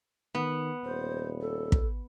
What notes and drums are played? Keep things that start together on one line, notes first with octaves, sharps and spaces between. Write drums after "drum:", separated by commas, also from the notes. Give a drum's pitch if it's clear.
D#3 B3
D#1 C5
A4
drum: kick